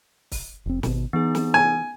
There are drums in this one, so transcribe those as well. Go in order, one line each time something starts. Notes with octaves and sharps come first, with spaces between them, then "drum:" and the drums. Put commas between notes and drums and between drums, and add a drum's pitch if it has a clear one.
drum: kick, open hi-hat
F1 C4
G#1 B2, drum: snare
E3 B3 D#4 G#4
drum: snare
G#5